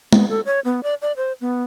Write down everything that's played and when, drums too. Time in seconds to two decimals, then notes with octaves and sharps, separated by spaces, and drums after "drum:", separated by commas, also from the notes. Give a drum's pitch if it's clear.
0.13 B3, drum: tom
0.30 A4
0.45 C#5
0.65 B3
0.83 D5
1.02 D5
1.17 C5
1.41 B3